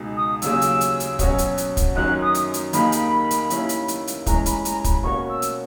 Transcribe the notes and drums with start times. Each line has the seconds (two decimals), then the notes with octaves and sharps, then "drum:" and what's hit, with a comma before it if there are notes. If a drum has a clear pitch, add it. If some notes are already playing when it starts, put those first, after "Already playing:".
Already playing: C#2 B2 G#3 D#4
0.17 D#6
0.42 D#2 C#3 F#3 C#4 G#4 E6, drum: hi-hat
0.62 drum: hi-hat
0.81 drum: hi-hat
1.00 drum: hi-hat
1.19 B2 F#3 C#4 F#4, drum: kick, hi-hat
1.38 drum: hi-hat
1.58 drum: hi-hat
1.77 drum: kick, hi-hat
1.95 F#2 D#3 F#3 C#4 F#6
2.22 D#6
2.34 drum: hi-hat
2.54 drum: hi-hat
2.73 D#2 D#3 A#3 D#4 G#4 B5, drum: hi-hat
2.92 drum: hi-hat
3.31 drum: hi-hat
3.50 D#2 D#3 A#3 C#4 E4, drum: hi-hat
3.69 drum: hi-hat
3.88 drum: hi-hat
4.07 drum: hi-hat
4.26 E3 G#3 C#4 A#5, drum: kick, hi-hat
4.46 B5, drum: hi-hat
4.65 A#5, drum: hi-hat
4.84 B5, drum: kick, hi-hat
5.03 B2 A#3 C#4 F#4 C#5 C#6
5.29 E6
5.42 drum: hi-hat